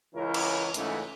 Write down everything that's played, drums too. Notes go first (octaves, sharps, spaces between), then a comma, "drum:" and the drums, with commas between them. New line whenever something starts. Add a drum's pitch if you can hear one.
C#2 E3 C#4 E4 A#4
drum: cymbal
C#2 G#2 E3 A3 C#4, drum: hi-hat